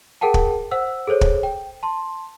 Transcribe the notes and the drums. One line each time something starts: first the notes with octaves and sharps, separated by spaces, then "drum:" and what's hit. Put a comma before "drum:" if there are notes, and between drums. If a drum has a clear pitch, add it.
G#4 A#4 F#5 G5 A5
drum: kick
C5 F#5 E6
G#4 A4 C5 C#5
drum: kick
G5
A5 C6